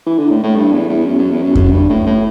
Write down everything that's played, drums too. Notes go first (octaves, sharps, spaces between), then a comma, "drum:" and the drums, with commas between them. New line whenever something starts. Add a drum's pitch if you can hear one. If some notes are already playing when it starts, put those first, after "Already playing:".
E3
D3
A2
A2
G2
E2
E2
F#2
F#2
E2
F#2
F#2, drum: kick F2
G2
A2
A2